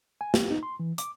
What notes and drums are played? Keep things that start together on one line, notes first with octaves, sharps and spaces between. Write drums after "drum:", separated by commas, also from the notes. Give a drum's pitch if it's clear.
G#5
G4, drum: snare
D#4
C6
E3
D6, drum: hi-hat